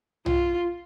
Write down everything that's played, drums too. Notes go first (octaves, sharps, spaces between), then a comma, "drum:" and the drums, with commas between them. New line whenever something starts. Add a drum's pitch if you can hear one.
F4, drum: tom B1